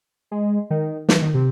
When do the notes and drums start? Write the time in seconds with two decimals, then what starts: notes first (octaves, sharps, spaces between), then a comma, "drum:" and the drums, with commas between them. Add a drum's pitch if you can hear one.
0.31 G#3
0.70 D#3
1.09 E3, drum: snare
1.22 D#3
1.34 C3